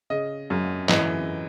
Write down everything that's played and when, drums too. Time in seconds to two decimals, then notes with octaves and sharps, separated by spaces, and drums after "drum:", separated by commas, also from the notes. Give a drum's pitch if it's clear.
0.10 C#3 D#5
0.50 F#2
0.89 E3 D#5, drum: clap